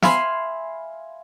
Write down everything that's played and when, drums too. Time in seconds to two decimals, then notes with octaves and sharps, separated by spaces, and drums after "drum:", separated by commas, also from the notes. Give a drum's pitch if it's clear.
0.02 E5 F5 G#5 B5 C6, drum: snare